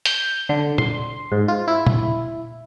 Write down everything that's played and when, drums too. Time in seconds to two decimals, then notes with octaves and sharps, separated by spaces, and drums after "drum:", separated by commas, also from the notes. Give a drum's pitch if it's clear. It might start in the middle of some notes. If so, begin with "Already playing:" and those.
0.05 G6, drum: hi-hat
0.49 D3
0.78 C6, drum: tom
1.32 G#2
1.48 F4
1.68 E4
1.87 drum: tom